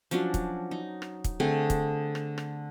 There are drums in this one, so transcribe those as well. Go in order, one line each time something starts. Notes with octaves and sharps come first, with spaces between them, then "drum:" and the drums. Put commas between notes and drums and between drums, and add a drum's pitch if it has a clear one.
F3 F#3 C#4 D4, drum: hi-hat
drum: kick, hi-hat
D#4
drum: rim click
drum: kick, hi-hat
D3 A3 C4 G#4
drum: kick, hi-hat
drum: rim click
drum: rim click